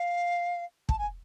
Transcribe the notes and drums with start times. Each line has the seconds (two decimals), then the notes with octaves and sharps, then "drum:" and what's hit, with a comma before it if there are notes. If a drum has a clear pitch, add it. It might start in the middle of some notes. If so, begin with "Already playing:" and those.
Already playing: F5
0.89 A5, drum: kick
0.98 G#5